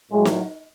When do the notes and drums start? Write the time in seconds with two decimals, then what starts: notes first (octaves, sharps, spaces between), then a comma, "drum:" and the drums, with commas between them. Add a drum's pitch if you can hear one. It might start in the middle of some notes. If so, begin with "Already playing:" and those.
0.12 A2 F#3 G#3
0.25 drum: snare